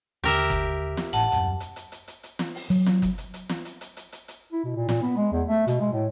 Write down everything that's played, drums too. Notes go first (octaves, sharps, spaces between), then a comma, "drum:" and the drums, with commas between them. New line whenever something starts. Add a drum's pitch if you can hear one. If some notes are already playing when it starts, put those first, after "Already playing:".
D#2 D3 G4 A#4 E5
drum: kick F#1, hi-hat
drum: snare
G#1 A2 F#5 A5, drum: hi-hat
D#1 F#2, drum: hi-hat
drum: hi-hat
drum: hi-hat
drum: hi-hat
drum: hi-hat
drum: hi-hat
drum: snare
drum: open hi-hat
F#3, drum: hi-hat
drum: snare
drum: kick F#1, hi-hat
drum: hi-hat
drum: hi-hat
drum: snare
drum: hi-hat
drum: hi-hat
drum: hi-hat
drum: hi-hat
drum: hi-hat
E4
B2
A#2
A#2, drum: snare
B3
G#3
E2
A3
B2, drum: hi-hat
G#3
A2